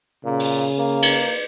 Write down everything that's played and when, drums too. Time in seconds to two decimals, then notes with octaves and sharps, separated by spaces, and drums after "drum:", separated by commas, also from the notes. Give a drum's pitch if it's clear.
0.25 A#2 C#3
0.40 drum: open hi-hat
0.78 A#3
1.02 drum: cymbal